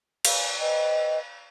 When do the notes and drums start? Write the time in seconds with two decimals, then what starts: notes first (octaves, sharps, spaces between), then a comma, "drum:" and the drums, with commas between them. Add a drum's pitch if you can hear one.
0.25 drum: cymbal
0.59 B4 C5 D#5 G5